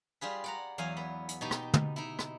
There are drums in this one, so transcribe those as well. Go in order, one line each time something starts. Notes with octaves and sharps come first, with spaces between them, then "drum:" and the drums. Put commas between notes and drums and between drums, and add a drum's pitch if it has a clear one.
G3 F4 G#4 B4
D5 F#5 A#5
E2 F#3 F5 G#5
B3
drum: hi-hat
B2 D#4 G4
drum: rim click
drum: tom
D#4 E4
drum: rim click